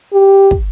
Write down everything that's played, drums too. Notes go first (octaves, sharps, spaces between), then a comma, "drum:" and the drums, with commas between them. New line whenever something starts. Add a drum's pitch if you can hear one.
G4
drum: kick